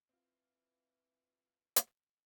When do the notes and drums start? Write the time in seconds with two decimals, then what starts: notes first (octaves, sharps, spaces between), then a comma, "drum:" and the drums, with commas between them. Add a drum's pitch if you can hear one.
0.09 E3 C4 F4
1.76 drum: hi-hat